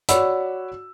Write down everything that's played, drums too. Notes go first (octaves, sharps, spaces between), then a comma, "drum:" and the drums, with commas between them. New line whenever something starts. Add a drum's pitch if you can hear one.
F#4 C#5 D5 F#5 B5 E6, drum: hi-hat